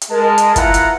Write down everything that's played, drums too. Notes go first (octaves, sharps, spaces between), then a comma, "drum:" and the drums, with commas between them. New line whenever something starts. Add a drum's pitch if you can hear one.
drum: hi-hat
G#3 A#4 A5
drum: hi-hat
E3 E4 F4 F#5 A#5, drum: kick, hi-hat
drum: hi-hat